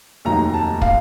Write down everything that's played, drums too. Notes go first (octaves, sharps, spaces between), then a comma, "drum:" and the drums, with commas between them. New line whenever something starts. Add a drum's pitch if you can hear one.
F1 D#2 D#3 F#3 A3 A#5
A5
F5, drum: kick